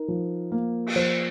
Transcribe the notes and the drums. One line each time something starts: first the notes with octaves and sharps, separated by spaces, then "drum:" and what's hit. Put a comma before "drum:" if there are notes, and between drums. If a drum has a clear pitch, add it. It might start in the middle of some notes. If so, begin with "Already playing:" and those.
Already playing: D#4 A#4
F3
A#3
drum: cymbal
F3 C5